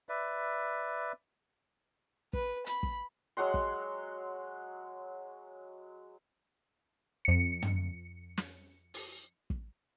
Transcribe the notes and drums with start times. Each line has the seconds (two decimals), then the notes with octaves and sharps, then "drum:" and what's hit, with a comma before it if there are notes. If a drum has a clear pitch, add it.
0.09 B4 D5 E5
2.33 B4, drum: kick
2.67 B5, drum: hi-hat
2.83 drum: kick
3.37 F#3 G#3 F#5 C6
3.54 drum: kick
7.25 F2 C#7
7.62 drum: tom
8.38 drum: snare
8.94 drum: open hi-hat
9.50 drum: kick